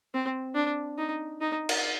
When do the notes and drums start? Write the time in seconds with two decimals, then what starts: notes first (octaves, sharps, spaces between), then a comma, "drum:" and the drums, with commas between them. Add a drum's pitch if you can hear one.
0.14 C4
0.55 D4
0.98 D#4
1.41 D#4
1.69 drum: cymbal